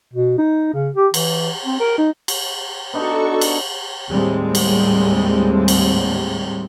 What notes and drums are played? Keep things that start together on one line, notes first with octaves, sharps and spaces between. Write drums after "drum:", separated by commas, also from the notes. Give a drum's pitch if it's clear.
B2
D#4
C#3
G4
E3, drum: cymbal
C4
A#4
D#4
drum: cymbal
B3 D4 D#4 F#4 A4 C#6
drum: cymbal
D#2 A2 G3 G#3 C4
drum: cymbal
drum: cymbal